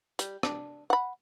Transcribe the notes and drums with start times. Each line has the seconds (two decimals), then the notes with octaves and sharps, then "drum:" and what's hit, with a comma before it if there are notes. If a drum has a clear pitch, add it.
0.19 G3, drum: hi-hat
0.43 D4, drum: rim click
0.90 F#5 B5